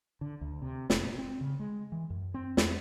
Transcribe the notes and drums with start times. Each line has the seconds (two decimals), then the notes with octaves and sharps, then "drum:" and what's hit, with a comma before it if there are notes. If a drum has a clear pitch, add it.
0.21 D3
0.41 D2
0.62 C3
0.90 F1, drum: snare
1.04 A#2
1.19 C4
1.41 C#3
1.59 G#3
1.92 E3
2.10 F#2
2.34 C4
2.57 E2, drum: snare